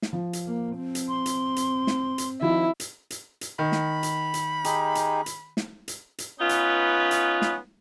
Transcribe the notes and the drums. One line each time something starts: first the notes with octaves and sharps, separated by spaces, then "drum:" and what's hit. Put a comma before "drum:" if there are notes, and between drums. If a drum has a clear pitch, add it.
drum: snare
F3
drum: hi-hat
A#3
C4
drum: hi-hat
C6
drum: hi-hat
drum: hi-hat
drum: snare
drum: hi-hat
D#3 F3 E4 F#4
drum: hi-hat
drum: hi-hat
drum: hi-hat
D#3 B5
drum: snare
drum: hi-hat
drum: hi-hat
D#4 G4 G#4, drum: hi-hat
drum: hi-hat
drum: hi-hat
drum: snare
drum: hi-hat
drum: hi-hat
B3 C#4 D#4 F4 B4
drum: hi-hat
drum: hi-hat
drum: snare